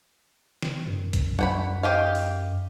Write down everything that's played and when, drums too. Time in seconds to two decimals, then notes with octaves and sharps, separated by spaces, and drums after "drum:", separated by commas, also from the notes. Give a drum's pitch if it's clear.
0.62 drum: snare
0.86 F#2
1.13 drum: kick A#1, hi-hat
1.39 F#5 G5 B5, drum: tom F#3
1.83 G4 D#5 F5
2.15 drum: open hi-hat